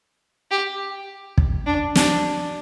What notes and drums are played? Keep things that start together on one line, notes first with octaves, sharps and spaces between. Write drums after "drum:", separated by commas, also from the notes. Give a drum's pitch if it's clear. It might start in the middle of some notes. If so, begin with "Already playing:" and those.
G4
drum: kick
D4
D4, drum: snare